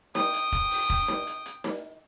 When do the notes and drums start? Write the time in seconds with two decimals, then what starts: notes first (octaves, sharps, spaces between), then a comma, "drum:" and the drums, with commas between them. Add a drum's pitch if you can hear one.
0.15 G5 D#6, drum: snare D#4
0.34 drum: hi-hat
0.52 drum: kick E1, hi-hat
0.71 drum: open hi-hat
0.90 drum: kick E1
1.08 drum: snare D#4
1.27 drum: hi-hat
1.46 drum: hi-hat
1.64 drum: snare D#4